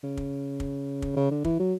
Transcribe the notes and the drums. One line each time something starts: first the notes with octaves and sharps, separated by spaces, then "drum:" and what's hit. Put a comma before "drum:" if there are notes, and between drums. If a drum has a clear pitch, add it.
C#3
drum: kick
drum: kick
drum: kick
C#3
D3
E3, drum: kick
F#3